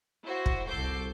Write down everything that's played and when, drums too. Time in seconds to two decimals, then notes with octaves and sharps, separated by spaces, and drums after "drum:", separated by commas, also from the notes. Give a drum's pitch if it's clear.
0.23 E4 F#4 C5
0.46 drum: kick
0.67 C2 A4 D6 G6 C7